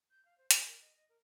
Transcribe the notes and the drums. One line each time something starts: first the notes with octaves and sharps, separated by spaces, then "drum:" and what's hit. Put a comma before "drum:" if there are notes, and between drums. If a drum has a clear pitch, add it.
G6
F5
C5
B5, drum: hi-hat
A#4
D#5
D#5
A#4